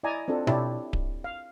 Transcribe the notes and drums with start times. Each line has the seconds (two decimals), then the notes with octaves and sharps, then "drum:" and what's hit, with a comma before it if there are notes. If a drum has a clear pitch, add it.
0.03 E4 D5 D#5 G#5 A#5
0.28 C4 D4 F4 A4
0.47 D4 E4 G4 C#5 E5 A5, drum: tom B2
0.93 drum: kick D1
1.24 F5